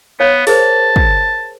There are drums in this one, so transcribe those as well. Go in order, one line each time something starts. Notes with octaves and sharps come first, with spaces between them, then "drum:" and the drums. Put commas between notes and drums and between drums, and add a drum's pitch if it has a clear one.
B3 C#5 F5
G#4 A#4 C5 A5, drum: open hi-hat
drum: kick